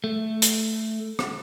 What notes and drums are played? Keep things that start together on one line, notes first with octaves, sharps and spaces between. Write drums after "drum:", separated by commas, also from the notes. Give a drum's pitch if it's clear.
A3
drum: hi-hat
drum: rim click